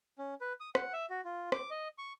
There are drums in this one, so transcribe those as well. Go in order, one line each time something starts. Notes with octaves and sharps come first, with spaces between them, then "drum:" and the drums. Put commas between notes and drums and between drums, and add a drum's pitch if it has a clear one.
C#4
B4
D#6
F#5, drum: rim click
E5
F#4
F4
D6, drum: rim click
D#5
C#6